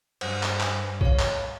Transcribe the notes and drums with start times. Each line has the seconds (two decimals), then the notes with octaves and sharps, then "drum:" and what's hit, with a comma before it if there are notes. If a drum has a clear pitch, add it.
0.21 G2 C5 F#5, drum: cymbal
0.43 drum: clap
0.60 drum: clap
1.01 C#5 F5, drum: kick
1.19 drum: clap